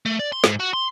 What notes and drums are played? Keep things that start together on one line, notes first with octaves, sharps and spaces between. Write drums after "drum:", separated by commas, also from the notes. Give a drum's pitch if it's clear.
A3
D5
C6
G#2, drum: snare
F#4
C6